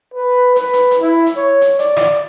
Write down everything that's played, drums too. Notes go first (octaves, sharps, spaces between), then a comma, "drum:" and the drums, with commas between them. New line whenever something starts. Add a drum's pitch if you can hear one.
B4
B4, drum: hi-hat
drum: hi-hat
drum: hi-hat
E4
drum: hi-hat
C#5
drum: hi-hat
D5, drum: hi-hat
drum: rim click